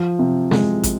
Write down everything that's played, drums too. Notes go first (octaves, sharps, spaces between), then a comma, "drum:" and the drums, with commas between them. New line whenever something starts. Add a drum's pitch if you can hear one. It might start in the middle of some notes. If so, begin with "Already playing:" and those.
Already playing: F3
C3
G#3, drum: snare
drum: kick, hi-hat